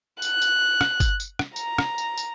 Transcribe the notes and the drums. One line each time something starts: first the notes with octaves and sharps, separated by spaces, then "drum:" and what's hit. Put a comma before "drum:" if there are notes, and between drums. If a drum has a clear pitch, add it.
F#6, drum: tambourine
drum: tambourine
drum: rim click
drum: kick G1, tambourine
drum: tambourine
drum: rim click
A#5, drum: tambourine
drum: rim click
drum: tambourine
drum: tambourine